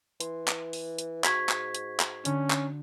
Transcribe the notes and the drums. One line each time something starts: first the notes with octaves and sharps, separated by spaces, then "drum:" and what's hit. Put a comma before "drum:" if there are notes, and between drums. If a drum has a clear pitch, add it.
E3 C6, drum: hi-hat
drum: clap
drum: open hi-hat
drum: hi-hat
G#2 F#4 C#6 G#6 B6, drum: clap
drum: clap
drum: hi-hat
drum: clap
D3 C#4, drum: hi-hat
drum: clap